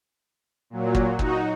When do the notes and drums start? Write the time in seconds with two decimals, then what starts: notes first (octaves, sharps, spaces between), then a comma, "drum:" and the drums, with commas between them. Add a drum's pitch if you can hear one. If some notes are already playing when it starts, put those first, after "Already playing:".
0.70 A#2 F#3
0.95 drum: kick
1.19 D#4 F#4, drum: kick